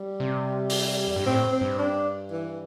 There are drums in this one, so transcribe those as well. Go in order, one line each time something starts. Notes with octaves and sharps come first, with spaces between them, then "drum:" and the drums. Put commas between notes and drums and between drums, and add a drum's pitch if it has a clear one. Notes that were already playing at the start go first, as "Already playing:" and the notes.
Already playing: G3
C3
drum: open hi-hat
E2
G2
A2 C4
C4
G2
D4
E3